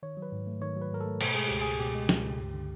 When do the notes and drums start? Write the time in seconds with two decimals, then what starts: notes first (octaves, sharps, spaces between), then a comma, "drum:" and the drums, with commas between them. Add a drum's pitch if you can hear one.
0.03 D#3 C#5
0.17 F#3
0.22 B4
0.32 G#2
0.47 A3
0.61 D#3 C#5
0.76 F#3
0.82 B4
0.91 G#2 A#4
1.01 A4
1.06 A3
1.21 B2 A4, drum: cymbal
1.34 G#3 G#4
1.48 C#2 G4
1.62 C#2 G#4
1.79 B2 G4
1.95 G#3
2.09 C#2, drum: snare
2.24 C#2
2.39 G2
2.54 D3